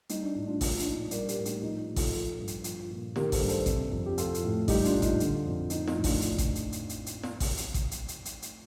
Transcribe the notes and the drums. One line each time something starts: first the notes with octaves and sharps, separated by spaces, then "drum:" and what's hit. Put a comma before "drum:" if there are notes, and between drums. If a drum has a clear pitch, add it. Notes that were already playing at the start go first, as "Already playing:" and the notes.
G3 D#4, drum: hi-hat
D4
A2 D#4
D4 F4
F3 D4 F4, drum: kick A1, open hi-hat
D4, drum: hi-hat
A#2 D#4
G3 A#4 D5, drum: hi-hat
G4 A#4, drum: hi-hat
A2
D#4 G4, drum: hi-hat
F3 D#4
A#2
F4 A4, drum: kick A1, open hi-hat
F3
G2
drum: hi-hat
F3, drum: hi-hat
A#2
D#3 G4 A#4, drum: snare
A4 C5, drum: kick A1, open hi-hat
G2
A4 C5, drum: hi-hat
C3, drum: kick A1, hi-hat
F2
G4
F3 F4 A4, drum: hi-hat
drum: hi-hat
A2
G3 D#4 G4, drum: kick A1, open hi-hat
D4 F4, drum: hi-hat
A#2
D#4, drum: kick A1, hi-hat
D3, drum: hi-hat
F2
F3 D#4, drum: hi-hat
D#4, drum: snare
A2
D4 F4, drum: kick A1, open hi-hat
drum: hi-hat
drum: kick A1, hi-hat
drum: hi-hat
drum: hi-hat
drum: hi-hat
drum: hi-hat
drum: snare
drum: kick A1, open hi-hat
drum: hi-hat
drum: kick A1, hi-hat
drum: hi-hat
drum: hi-hat
drum: hi-hat
drum: hi-hat